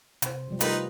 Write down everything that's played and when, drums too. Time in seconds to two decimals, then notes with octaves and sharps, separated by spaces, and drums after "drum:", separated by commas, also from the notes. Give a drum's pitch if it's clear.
0.22 C3 C5, drum: hi-hat
0.48 C3 F3 G3
0.61 A3 D#4 F4 G4 A#4 B4, drum: hi-hat